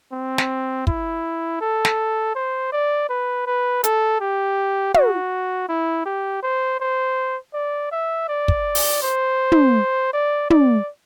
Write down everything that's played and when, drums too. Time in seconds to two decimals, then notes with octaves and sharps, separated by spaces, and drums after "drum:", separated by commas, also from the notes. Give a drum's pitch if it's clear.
0.13 C4
0.38 drum: snare
0.87 E4, drum: kick
1.61 A4
1.85 drum: snare
2.35 C5
2.72 D5
3.09 B4
3.47 B4
3.84 A4, drum: hi-hat
4.20 G4
4.94 F#4, drum: tom
5.69 E4
6.06 G4
6.43 C5
6.80 C5
7.54 D5
7.92 E5
8.29 D5
8.48 drum: kick
8.75 drum: open hi-hat
9.02 C5
9.52 drum: tom
10.13 D5
10.50 D5, drum: tom